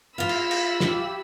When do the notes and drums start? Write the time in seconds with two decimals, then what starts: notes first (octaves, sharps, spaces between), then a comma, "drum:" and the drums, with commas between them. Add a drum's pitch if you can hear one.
0.18 F4 F5 B5 E6
0.29 drum: cymbal
0.51 drum: cymbal
0.80 G4, drum: snare